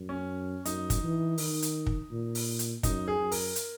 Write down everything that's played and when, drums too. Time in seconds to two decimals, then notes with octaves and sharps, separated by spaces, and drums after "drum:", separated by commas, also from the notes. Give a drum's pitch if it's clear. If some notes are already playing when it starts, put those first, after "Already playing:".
Already playing: F#2
0.09 C#4
0.65 F#2 D#4, drum: hi-hat
0.90 drum: kick, hi-hat
1.03 E3
1.38 D#3, drum: open hi-hat
1.62 drum: hi-hat
1.87 drum: kick
2.11 A#2
2.35 drum: open hi-hat
2.59 drum: hi-hat
2.83 F#2 D#4, drum: kick, hi-hat
3.08 G#4
3.19 F#2
3.32 A#4, drum: open hi-hat
3.56 drum: hi-hat